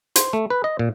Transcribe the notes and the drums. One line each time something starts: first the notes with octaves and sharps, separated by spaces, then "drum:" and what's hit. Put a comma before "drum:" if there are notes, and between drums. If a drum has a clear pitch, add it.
C5, drum: hi-hat
A3
B4
D#5
A#2